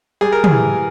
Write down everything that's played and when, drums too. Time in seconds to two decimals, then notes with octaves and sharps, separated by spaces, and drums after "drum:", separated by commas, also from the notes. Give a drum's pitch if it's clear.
0.21 G3 G#4
0.32 A#4
0.44 G#4, drum: tom
0.52 E3